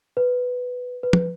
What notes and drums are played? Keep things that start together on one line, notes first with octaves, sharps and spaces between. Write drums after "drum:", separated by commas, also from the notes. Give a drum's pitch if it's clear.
B4
B4
drum: tom